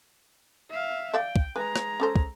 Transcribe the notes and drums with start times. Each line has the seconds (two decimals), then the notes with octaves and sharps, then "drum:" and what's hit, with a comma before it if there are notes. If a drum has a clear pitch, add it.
0.70 E5 F5
1.14 D5 E5 F5 G5
1.36 drum: kick
1.56 G#3 B4 G#5 A#5
1.76 drum: rim click
2.00 C#4 A4 C5
2.16 drum: kick